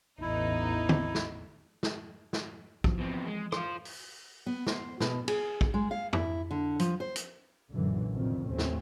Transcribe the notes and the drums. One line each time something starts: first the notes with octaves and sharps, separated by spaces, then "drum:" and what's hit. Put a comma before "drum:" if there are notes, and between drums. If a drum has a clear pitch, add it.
A1 E2 D#4 E4
drum: tom D3
drum: snare
drum: snare
drum: snare
E3 F3, drum: kick
B2 C4
G#3
F4 C5, drum: rim click
drum: open hi-hat
B3
C5, drum: snare
B2, drum: snare
G#4, drum: cymbal
drum: kick
G#3
F5
E4, drum: tom F2
D3
F3, drum: hi-hat
C5
drum: hi-hat
B1 F#2 A#2 D3 E3 F#3
F1 F2 A2 D3 D#3
D#2 A3 C4 C#4
drum: snare